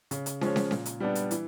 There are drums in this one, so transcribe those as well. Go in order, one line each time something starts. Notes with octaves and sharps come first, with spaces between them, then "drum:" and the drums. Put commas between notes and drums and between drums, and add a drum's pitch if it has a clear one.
C#3, drum: hi-hat
drum: hi-hat
F3 G#3 C#4, drum: snare
drum: snare
A#2, drum: snare
drum: hi-hat
G3 B3 D4
drum: hi-hat
E3, drum: hi-hat